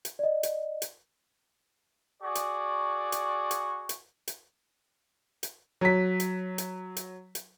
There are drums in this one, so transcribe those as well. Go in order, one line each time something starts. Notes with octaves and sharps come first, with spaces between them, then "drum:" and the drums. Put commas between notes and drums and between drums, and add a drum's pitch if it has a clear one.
drum: hi-hat
D5 D#5
drum: hi-hat
drum: hi-hat
F#4 G#4 D5 C#6
drum: hi-hat
drum: hi-hat
drum: hi-hat
drum: hi-hat
drum: hi-hat
drum: hi-hat
F#3 B6
drum: hi-hat
drum: hi-hat
drum: hi-hat
drum: hi-hat